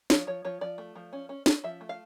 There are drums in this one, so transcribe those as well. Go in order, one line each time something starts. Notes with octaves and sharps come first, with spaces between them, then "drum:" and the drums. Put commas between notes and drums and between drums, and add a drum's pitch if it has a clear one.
F3 C#5, drum: snare
F3 C#5
F3 C#5
F3 D5
A3
F3
C#4
C#4
C#4, drum: snare
F3 E5
A3
F5